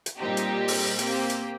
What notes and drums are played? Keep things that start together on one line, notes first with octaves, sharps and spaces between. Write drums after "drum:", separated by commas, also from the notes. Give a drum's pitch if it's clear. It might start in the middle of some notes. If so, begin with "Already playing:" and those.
drum: hi-hat
A#2 G3 C4 D#4 G4
drum: hi-hat
drum: open hi-hat
A#3 C4 G4, drum: hi-hat
drum: hi-hat